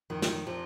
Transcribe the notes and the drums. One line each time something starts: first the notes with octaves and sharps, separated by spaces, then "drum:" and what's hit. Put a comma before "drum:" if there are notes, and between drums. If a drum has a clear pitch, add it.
F2 D#3
drum: snare
C3 F3